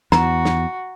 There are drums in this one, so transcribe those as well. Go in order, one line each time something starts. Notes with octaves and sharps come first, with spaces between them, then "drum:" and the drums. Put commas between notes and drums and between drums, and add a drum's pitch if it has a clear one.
E2 F#4 A#5, drum: snare
drum: snare